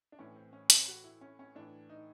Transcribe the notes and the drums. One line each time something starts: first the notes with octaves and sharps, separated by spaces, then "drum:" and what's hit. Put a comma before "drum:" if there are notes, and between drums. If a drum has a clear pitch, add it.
D4
A2 E3 C#4
C4
C#4
C#4, drum: hi-hat
F#4
E4
C#4
C#4
A2 E3 D4
D#4